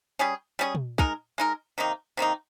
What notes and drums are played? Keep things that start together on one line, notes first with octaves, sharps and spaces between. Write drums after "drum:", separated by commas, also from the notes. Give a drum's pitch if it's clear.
G3 C#4 G#4
G3 C#4 G#4
drum: tom
G#3 D#4 A#4, drum: kick
G#3 D#4 A#4
C3 D#3 A#3 D#4
C3 D#3 A#3 D#4